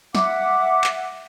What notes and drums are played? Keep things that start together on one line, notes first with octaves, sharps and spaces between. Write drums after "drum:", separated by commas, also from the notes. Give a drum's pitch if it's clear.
E5 F#5 D6, drum: snare
drum: clap